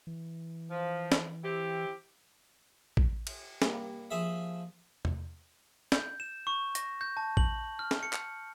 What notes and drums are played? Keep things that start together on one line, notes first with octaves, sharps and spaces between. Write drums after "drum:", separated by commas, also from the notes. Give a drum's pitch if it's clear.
E3
F3
drum: snare
C4 E4 G4
drum: kick A#1
drum: cymbal
G3 A#3, drum: snare
F3 G#4 E5
drum: tom E2
G6, drum: snare
E7
C#6
A#6, drum: hi-hat
G6
A5
F#7, drum: kick A#1
F6
drum: snare
C#7
drum: clap